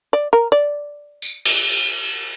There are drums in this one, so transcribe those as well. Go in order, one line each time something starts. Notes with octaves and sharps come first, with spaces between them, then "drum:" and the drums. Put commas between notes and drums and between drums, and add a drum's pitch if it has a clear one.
D5
A#4
D5
drum: tambourine
drum: cymbal